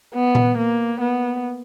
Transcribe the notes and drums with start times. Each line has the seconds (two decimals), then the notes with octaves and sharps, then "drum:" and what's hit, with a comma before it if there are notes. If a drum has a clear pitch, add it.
0.14 B3
0.35 drum: tom A#2
0.58 A#3
1.00 B3